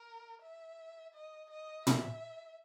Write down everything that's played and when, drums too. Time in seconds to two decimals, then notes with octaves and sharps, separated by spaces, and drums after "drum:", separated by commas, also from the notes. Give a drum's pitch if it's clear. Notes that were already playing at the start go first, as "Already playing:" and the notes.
Already playing: A#4
0.42 E5
1.14 D#5
1.50 D#5
1.87 E5, drum: tom